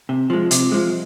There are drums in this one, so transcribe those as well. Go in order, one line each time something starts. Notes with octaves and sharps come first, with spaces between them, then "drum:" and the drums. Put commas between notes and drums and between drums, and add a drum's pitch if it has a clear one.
C3
F3 G#3
C3, drum: hi-hat
F3 G#3